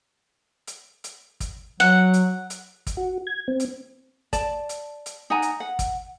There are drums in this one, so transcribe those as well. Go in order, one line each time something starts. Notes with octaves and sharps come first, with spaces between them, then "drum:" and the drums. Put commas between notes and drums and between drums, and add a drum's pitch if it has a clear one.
drum: hi-hat
drum: hi-hat
drum: kick, hi-hat
F#3 F#5
drum: hi-hat
drum: hi-hat
drum: kick, hi-hat
F#4
G#6
C4
drum: hi-hat
D5 A5, drum: kick, hi-hat
drum: hi-hat
drum: hi-hat
D#4 F#5 G#5 A#5
drum: hi-hat
F#5
drum: kick, hi-hat